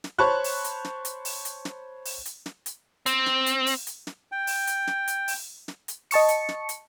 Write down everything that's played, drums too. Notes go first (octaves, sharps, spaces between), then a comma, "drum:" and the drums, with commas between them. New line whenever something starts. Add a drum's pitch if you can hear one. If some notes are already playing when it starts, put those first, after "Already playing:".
drum: snare
C5 C#5 A5 B5 C#6 F#6
drum: open hi-hat
drum: hi-hat
drum: snare
drum: hi-hat
drum: open hi-hat
drum: hi-hat
drum: snare
drum: open hi-hat
drum: hi-hat
drum: snare
drum: hi-hat
C4, drum: hi-hat
drum: snare
drum: hi-hat
drum: open hi-hat
drum: hi-hat
drum: snare
G5
drum: open hi-hat
drum: hi-hat
drum: snare
drum: hi-hat
drum: open hi-hat
drum: snare
drum: hi-hat
D#5 A5 C#6 C#7, drum: open hi-hat
drum: hi-hat
drum: snare
drum: hi-hat